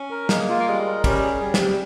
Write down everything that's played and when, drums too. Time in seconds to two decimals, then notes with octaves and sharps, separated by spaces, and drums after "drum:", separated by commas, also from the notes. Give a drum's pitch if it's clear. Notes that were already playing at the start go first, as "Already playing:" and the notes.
Already playing: C#4
0.10 A#4
0.29 G#3 A#3, drum: snare
0.49 F4
0.60 A#3
0.67 G3 G#3
0.86 A#4
1.04 G3 C#4, drum: kick, cymbal
1.23 G#4
1.41 G3
1.54 C3, drum: snare
1.61 G3